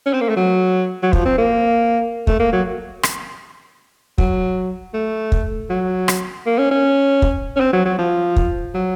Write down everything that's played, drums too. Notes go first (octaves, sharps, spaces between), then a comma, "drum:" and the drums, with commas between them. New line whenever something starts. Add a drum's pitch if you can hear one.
C#4
C4
A#3
A3
F#3
F#3
F3, drum: kick
C4
A#3
A3, drum: kick
A#3
F#3
drum: rim click
F#3, drum: kick
A3
drum: kick
F#3
drum: rim click
A#3
C#4
C#4
drum: kick
C#4
C4
F#3
F#3
F3
drum: kick
F#3